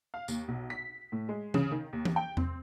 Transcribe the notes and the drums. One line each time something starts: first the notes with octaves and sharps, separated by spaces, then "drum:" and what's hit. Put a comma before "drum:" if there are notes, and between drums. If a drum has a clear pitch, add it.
F5
D#2, drum: tambourine
B1
B6
A2
G#3
C#3, drum: tom E3
D#3
D#2
drum: tom E3
G5
C4, drum: tom E2